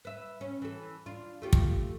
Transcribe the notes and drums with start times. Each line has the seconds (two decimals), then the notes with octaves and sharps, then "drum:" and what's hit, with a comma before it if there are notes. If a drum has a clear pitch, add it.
0.05 B4 E5
0.41 C#4
0.62 E3 A4
1.06 D4 F4
1.42 A3 F4 G4
1.53 drum: kick